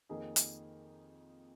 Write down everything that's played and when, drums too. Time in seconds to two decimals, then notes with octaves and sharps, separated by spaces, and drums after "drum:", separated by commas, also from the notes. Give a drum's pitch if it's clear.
0.09 F2 D#3 A#3 D#4 G#4
0.36 drum: hi-hat